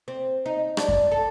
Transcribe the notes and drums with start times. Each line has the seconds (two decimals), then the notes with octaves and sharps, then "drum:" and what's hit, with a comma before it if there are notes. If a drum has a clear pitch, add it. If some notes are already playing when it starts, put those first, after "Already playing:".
0.08 C4
0.46 D#4
0.77 D4, drum: rim click
0.88 drum: kick F#2
1.11 A4